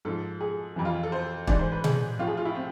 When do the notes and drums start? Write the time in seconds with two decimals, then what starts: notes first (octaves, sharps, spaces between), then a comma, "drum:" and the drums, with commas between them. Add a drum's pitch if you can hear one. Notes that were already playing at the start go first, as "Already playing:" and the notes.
0.05 G#2 F3 A4
0.40 G#4
0.76 F2 E3
0.85 F4
1.03 A4
1.12 C5
1.47 G#2 E3 D5, drum: kick
1.59 C5
1.72 B4
1.84 G#4, drum: tom A#2
2.19 A2 F3 F4
2.27 G#4
2.37 F4
2.45 E4
2.55 C4